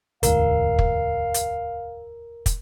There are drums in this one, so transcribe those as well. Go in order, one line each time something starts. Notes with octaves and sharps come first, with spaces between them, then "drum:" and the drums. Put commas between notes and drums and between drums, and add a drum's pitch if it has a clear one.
E1 D2 G#2 A#4 F5, drum: hi-hat
drum: kick
drum: hi-hat
drum: kick, hi-hat